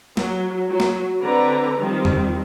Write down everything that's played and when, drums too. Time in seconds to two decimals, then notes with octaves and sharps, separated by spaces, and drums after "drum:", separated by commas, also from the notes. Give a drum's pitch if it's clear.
0.17 F#3, drum: snare
0.70 F#3
0.80 drum: snare
1.21 D3 C4 B4 D5 A#5
1.78 D#3 F3 G3 C4
2.05 drum: tom E2